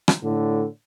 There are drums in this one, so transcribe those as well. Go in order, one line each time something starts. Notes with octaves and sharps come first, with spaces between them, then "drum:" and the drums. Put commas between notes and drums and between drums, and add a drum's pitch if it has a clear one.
drum: rim click
A2 D3